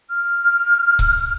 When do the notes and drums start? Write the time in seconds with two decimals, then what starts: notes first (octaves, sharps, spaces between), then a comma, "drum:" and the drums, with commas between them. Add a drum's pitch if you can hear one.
0.09 F6
0.99 drum: kick C#1